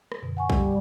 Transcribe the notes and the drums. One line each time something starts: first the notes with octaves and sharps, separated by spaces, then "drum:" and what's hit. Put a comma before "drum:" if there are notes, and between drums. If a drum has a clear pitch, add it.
drum: rim click
F#2 B2 D3
F#5 G#5 C#6
G3, drum: kick A#1